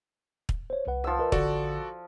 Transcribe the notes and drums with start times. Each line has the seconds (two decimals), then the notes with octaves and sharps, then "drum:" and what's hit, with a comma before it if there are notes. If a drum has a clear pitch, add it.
0.49 drum: kick
0.70 C5 C#5
0.87 C2 B4 F#5
1.04 F3 E6
1.19 A#4 B4 D#5
1.32 A1 D3 F#4 A4 D5, drum: kick